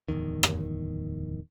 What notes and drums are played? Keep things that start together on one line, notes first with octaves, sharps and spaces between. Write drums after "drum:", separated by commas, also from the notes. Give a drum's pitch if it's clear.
D1 A#1 E2 D#3
drum: rim click